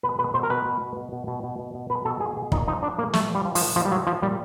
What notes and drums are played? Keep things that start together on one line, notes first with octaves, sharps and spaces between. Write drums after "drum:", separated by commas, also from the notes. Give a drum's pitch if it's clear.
B2 B4
B2 B4
B2 C5
A#4
B2 B4
B2
B2
B2
B2
B2
B2
B2
B2
B2 B4
B2 A4
B2 G#4
B2 G#4
A#2 D#4, drum: kick
F3 D#4
F3 D4
A#2 A#3
A#2 A3, drum: snare
F3
G3
F3
F3, drum: open hi-hat
A#2
A#2 F3
G3
F3 F#3
F3
A#2 G3